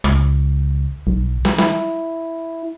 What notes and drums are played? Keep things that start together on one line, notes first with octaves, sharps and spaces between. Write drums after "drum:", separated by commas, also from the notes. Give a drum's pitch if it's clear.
C#2, drum: rim click
B1
drum: snare
E4, drum: snare